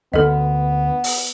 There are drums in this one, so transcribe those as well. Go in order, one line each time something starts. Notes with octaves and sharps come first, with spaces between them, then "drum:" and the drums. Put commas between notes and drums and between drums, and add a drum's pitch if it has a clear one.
D2 D3 B3 A4 D#5
drum: open hi-hat